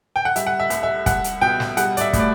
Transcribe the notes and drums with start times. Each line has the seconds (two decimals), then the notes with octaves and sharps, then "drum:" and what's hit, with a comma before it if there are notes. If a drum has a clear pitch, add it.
0.16 G5
0.25 F#5
0.36 G3 E5, drum: hi-hat
0.47 F#5
0.60 E5
0.70 C2, drum: hi-hat
0.83 E5
1.06 C2 F#5, drum: kick, hi-hat
1.24 drum: hi-hat
1.41 B2 G5
1.60 drum: snare
1.77 G3 F#5, drum: hi-hat
1.97 D5, drum: hi-hat
2.01 E5
2.13 A2, drum: kick, hi-hat
2.19 D5